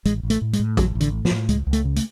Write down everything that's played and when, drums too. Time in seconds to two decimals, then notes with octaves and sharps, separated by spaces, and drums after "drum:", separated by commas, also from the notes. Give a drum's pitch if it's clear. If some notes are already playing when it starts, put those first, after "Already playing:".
0.05 A1 G#3, drum: hi-hat
0.23 A1
0.30 A3, drum: hi-hat
0.41 A2
0.53 G#3, drum: hi-hat
0.59 A2
0.77 A1 F#3, drum: kick, hi-hat
0.95 A1
1.00 D3, drum: hi-hat
1.13 A2
1.25 F3, drum: snare
1.31 A2
1.49 C#2 G#3, drum: hi-hat
1.67 C#2
1.73 A3, drum: hi-hat
1.85 C#3
1.96 A3, drum: hi-hat